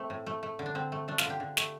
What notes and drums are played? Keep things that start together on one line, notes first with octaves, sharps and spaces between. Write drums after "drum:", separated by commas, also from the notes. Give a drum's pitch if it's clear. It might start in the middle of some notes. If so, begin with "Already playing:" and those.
Already playing: A3 C4
A2
A3
A3
D3
D4
D3 C4
A3
A3 D4
F4, drum: snare
D3
G4
D3
A3, drum: snare